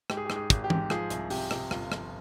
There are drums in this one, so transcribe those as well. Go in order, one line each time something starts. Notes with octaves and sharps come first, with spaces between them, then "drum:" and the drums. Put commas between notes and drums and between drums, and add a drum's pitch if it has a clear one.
G#2 G4, drum: rim click
G#4
G4
G#2, drum: rim click
G#4
G#1, drum: kick, hi-hat
G4
G#2, drum: tom E3
F3 G#4, drum: rim click
C2, drum: hi-hat
C3 G4, drum: open hi-hat
C3, drum: rim click
G1 F4, drum: rim click
F3, drum: rim click